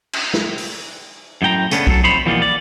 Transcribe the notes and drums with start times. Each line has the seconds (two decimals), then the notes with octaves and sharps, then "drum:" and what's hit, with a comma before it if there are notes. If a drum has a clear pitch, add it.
0.13 drum: cymbal
0.34 drum: snare
0.58 drum: open hi-hat
1.42 F#2 A2 G5 A#5
1.71 C#3 A3 B3 C#4 D4, drum: hi-hat
1.87 F#3 A4, drum: kick B1
2.03 F2 D#4 C5 C#5 B5
2.25 B2 E3 F3 G3 A#3 B3
2.42 D5